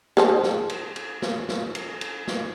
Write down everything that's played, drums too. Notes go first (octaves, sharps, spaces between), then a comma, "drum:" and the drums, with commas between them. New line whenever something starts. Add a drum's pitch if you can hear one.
G#4 C5 A5, drum: snare
drum: snare
drum: cymbal
drum: cymbal
drum: snare
drum: snare
drum: cymbal
drum: cymbal
drum: snare